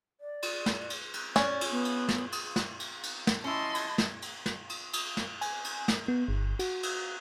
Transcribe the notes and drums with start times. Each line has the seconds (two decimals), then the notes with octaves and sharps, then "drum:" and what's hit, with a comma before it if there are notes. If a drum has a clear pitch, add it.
0.21 D5
0.42 drum: cymbal
0.66 drum: snare
0.90 drum: cymbal
1.14 drum: cymbal
1.36 C#4 D5, drum: snare
1.61 drum: cymbal
1.71 B3
1.85 drum: cymbal
2.08 drum: snare
2.32 drum: cymbal
2.56 drum: snare
2.80 drum: cymbal
3.03 drum: cymbal
3.27 drum: snare
3.44 C#4 E4 D#5 A5 C6
3.75 drum: cymbal
3.98 drum: snare
4.22 drum: cymbal
4.46 drum: snare
4.69 drum: cymbal
4.93 drum: cymbal
5.17 drum: snare
5.41 G#5, drum: cymbal
5.64 drum: cymbal
5.88 drum: snare
6.08 B3
6.28 G1
6.59 F#4, drum: cymbal
6.83 drum: cymbal